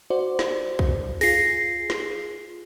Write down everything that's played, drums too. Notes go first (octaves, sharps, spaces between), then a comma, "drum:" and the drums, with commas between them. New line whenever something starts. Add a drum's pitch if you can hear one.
F#4 C5 D5
drum: snare
drum: kick
F4 G#4 A#6 C7, drum: open hi-hat
drum: snare